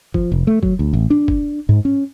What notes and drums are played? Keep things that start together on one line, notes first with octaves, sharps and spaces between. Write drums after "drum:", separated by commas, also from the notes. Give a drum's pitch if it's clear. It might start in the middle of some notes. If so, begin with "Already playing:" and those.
F3, drum: kick
F1
A3
F#3, drum: kick
D2
A1
D4
drum: kick
G#2
C#4